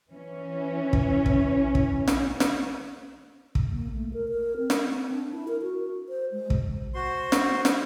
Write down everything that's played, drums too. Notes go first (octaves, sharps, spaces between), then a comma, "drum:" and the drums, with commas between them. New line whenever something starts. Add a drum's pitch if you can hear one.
E3 C#4
drum: kick
drum: kick
drum: kick
drum: snare
drum: snare
drum: kick
A#3
A3
A#4
A#4
C4
drum: snare
C4
D4
E4
A#4
F#4
C5
G#3
drum: kick
F#4 C5 C6
drum: snare
drum: snare